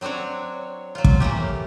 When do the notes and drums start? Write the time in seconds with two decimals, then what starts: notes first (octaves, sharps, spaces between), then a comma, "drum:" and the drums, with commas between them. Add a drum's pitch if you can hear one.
0.01 F#3 C4 D4 F#4 C#5
0.95 F#3 F4
1.04 drum: kick
1.20 E3 A3 A#3 G4